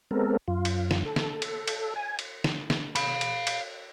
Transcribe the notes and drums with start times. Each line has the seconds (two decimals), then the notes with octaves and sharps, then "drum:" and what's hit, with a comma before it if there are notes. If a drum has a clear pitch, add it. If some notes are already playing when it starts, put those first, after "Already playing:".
0.11 G#3 B3 C4 A4 A#4
0.48 F#2 F4
0.65 drum: cymbal
0.91 drum: snare
1.05 A4
1.16 drum: snare
1.42 drum: cymbal
1.68 drum: cymbal
1.96 G#5
2.19 drum: cymbal
2.44 drum: snare
2.70 drum: snare
2.96 F5 B5, drum: cymbal
3.21 drum: cymbal
3.47 drum: cymbal